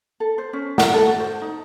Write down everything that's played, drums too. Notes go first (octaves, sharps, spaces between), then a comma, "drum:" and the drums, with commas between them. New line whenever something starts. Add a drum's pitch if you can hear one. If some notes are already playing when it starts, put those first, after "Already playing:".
A4
C5
C#4
F#5, drum: snare
A4
F#4
C5
D#4